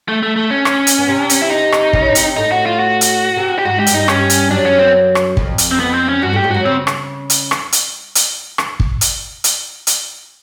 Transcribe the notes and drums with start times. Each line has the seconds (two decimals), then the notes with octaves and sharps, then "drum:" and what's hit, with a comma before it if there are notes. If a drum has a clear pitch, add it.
0.08 A3
0.23 A3
0.36 A3
0.50 C#4
0.65 drum: rim click
0.87 drum: hi-hat
0.99 B3
1.08 C3 C4
1.30 drum: hi-hat
1.42 E4
1.50 D#4
1.72 drum: rim click
1.93 C#3 C#4, drum: kick
2.15 C3 C4, drum: hi-hat
2.36 A2 A3 D#4
2.52 F#4
2.66 F4
2.79 F#4
3.01 drum: hi-hat
3.36 C3 C4
3.58 G4
3.65 G#2 G#3 F#4
3.79 G4
3.87 G2 G3, drum: hi-hat
3.94 D#4
4.08 G2 G3 C#4, drum: rim click
4.30 drum: hi-hat
4.50 F#2 F#3 D4
4.66 C#4
4.79 C4
5.15 drum: rim click
5.37 F2 F3, drum: kick
5.58 drum: hi-hat
5.71 C4
5.80 B3
5.94 C4
6.09 C#4
6.22 G2 G3 F#4
6.33 A2 A3 G4
6.44 G#2 G#3
6.51 F#2 F#3 F#4
6.65 C#3 C4
6.87 drum: rim click
7.30 drum: hi-hat
7.51 drum: rim click
7.72 drum: hi-hat
8.15 drum: hi-hat
8.58 drum: rim click
8.80 drum: kick
9.01 drum: hi-hat
9.44 drum: hi-hat
9.87 drum: hi-hat